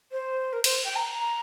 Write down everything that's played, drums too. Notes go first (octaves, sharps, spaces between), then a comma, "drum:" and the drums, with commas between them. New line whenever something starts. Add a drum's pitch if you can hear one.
C5
A#4
C5, drum: cymbal
G5
A#5